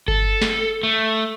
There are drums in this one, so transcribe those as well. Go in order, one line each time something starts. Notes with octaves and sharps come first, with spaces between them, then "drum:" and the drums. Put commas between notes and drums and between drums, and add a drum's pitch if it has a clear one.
A4, drum: kick G1
drum: snare
A3